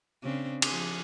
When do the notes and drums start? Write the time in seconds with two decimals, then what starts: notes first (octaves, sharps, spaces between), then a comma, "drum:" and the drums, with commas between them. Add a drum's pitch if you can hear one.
0.22 C#3 C4 D4
0.62 F3 G#4, drum: cymbal